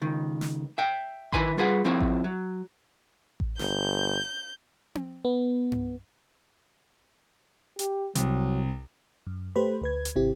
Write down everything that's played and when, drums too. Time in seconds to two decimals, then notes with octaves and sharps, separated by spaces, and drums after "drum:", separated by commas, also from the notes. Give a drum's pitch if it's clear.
0.02 C#2 D#3
0.41 drum: snare
0.78 E5 G5
1.32 D#3 E4 B4 G#5 B5 C6, drum: kick A1
1.57 G3 F4 G#4 B4 F#5 C6
1.84 F2 F3 C4 E4 C#5 E5
2.00 drum: kick A1
2.24 F#3
3.40 drum: kick A1
3.59 G1 G6, drum: snare
4.95 drum: tom C4
5.25 B3
5.72 drum: tom G2
7.79 G4, drum: hi-hat
8.15 C2 F#3, drum: hi-hat
9.27 F#2
9.56 A3 G4 B4 C5 B5
9.82 D2 B4 G#6
10.05 drum: hi-hat
10.16 G#1 C3 C4 E4 G4